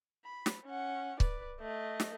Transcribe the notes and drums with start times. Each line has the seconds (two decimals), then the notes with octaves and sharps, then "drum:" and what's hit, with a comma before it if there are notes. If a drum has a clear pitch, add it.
0.25 B5
0.46 drum: snare
0.65 C#4 F#5
1.20 B4 D5, drum: kick C#1
1.61 A3 D#5
2.00 drum: snare